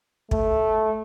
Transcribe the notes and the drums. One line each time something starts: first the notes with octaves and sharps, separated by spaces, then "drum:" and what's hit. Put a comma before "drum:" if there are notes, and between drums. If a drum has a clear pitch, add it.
A3, drum: kick